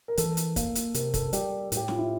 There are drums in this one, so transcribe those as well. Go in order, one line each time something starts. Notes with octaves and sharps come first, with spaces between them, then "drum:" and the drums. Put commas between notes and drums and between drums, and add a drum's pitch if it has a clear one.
A#4
E3 A4, drum: hi-hat
drum: hi-hat
A#3, drum: kick, hi-hat
drum: hi-hat
C3 A#4, drum: hi-hat
A4, drum: kick, hi-hat
G3 G4, drum: hi-hat
A2, drum: hi-hat
G4
F4, drum: snare
E4